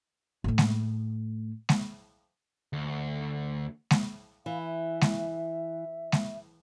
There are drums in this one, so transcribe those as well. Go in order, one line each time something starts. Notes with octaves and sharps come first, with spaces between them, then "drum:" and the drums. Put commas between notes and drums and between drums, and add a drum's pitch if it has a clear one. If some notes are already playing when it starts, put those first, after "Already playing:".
A2 A3
drum: snare G#3
drum: snare G#3
D2
drum: snare G#3
E3 F5
E5
drum: snare G#3
drum: snare G#3